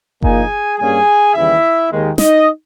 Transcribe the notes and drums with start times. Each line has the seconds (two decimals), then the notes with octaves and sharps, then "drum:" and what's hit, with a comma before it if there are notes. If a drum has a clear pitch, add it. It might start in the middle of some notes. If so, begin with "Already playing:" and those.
0.22 A#1 A#2 A#3 D#4 G#4 G#5, drum: kick F#1
0.78 G2 G3 A#3 C#4 G#4 G#5
1.34 D#2 C#3 E3 G3 E4 E5
1.90 D#2 D#3 G#3
2.18 D#4 D#5, drum: snare